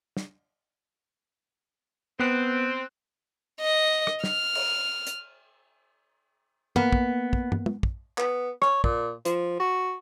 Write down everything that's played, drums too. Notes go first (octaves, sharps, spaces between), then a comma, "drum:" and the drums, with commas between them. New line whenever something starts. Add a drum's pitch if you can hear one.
drum: snare
B3 C4 F#6
D#5
drum: rim click
F6, drum: snare
drum: cymbal
drum: hi-hat
A#3 B3, drum: tom
drum: kick
drum: kick
drum: tom
drum: tom
drum: kick
B3, drum: clap
C#5, drum: rim click
A#2, drum: kick
F3, drum: hi-hat
F#4